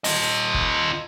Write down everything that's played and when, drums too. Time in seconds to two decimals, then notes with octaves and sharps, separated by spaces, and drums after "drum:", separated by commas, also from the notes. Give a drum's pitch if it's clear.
0.04 F4 D#5, drum: open hi-hat
0.54 drum: kick